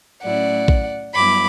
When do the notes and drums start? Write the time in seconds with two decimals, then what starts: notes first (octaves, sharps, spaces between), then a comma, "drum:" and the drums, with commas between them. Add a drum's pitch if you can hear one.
0.22 A2 F#3 A3 C#4 E4 D5 F#5
0.68 drum: kick A#1
1.14 G2 F#3 B3 E4 B5 D6